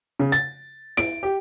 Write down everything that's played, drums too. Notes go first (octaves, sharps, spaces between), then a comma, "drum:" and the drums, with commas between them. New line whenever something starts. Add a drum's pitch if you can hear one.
C#3
A6
D7, drum: snare E4
G4